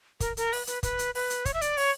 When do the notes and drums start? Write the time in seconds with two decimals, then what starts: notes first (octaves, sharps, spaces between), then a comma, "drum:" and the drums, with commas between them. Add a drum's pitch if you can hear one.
0.20 A#4, drum: kick, hi-hat
0.37 A#4, drum: hi-hat
0.53 B4, drum: open hi-hat
0.67 B4, drum: hi-hat
0.83 B4, drum: kick, hi-hat
0.99 drum: hi-hat
1.15 B4, drum: open hi-hat
1.30 drum: hi-hat
1.45 C#5, drum: kick, hi-hat
1.54 E5
1.61 D5, drum: hi-hat
1.77 C#5, drum: open hi-hat